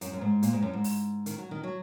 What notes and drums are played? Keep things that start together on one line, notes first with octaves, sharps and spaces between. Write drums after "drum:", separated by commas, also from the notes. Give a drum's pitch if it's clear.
F#2, drum: hi-hat
F#2
G#2
A#2, drum: hi-hat
G#2
F#2
G#2
drum: open hi-hat
D#3, drum: hi-hat
F#3
D#3
F#3